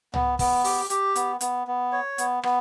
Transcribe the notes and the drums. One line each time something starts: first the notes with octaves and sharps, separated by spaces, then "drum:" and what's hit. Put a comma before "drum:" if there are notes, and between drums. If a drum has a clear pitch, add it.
B3, drum: tom
B3, drum: kick, open hi-hat
G4, drum: open hi-hat
G4, drum: hi-hat
B3, drum: hi-hat
B3, drum: hi-hat
B3
C#5
B3, drum: hi-hat
B3, drum: rim click